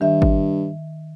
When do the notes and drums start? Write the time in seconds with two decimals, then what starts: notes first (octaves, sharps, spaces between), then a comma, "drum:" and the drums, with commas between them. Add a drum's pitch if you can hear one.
0.01 G2 D#3 E5
0.22 drum: kick G#1